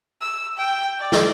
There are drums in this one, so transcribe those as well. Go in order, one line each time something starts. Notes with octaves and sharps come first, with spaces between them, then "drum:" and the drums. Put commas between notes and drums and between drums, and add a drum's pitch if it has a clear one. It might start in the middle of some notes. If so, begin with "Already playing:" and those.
E6
G5
D5
drum: snare